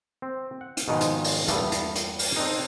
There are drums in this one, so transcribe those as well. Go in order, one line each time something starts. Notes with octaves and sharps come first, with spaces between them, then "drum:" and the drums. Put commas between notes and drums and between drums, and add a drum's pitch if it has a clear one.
C4
F#5
drum: hi-hat
G#2 B2 D#3 F3 G#3
drum: hi-hat
drum: open hi-hat
E2 G2 A#2 G3 A3 B3, drum: hi-hat
drum: hi-hat
drum: hi-hat
drum: open hi-hat
C4 D4 D#4